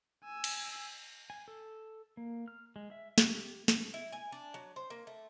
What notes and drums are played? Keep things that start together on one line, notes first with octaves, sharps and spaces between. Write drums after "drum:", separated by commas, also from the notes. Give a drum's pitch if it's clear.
G#5 E6
drum: cymbal
G#5
A4
A#3
F6
G#3
E5
G4, drum: snare
drum: snare
E4
G#5
D4
F#3
C5
A#3
A3